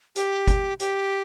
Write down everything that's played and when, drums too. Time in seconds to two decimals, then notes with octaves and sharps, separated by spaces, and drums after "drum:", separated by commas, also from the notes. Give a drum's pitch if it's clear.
0.16 G4, drum: hi-hat
0.48 drum: kick, hi-hat
0.80 G4, drum: hi-hat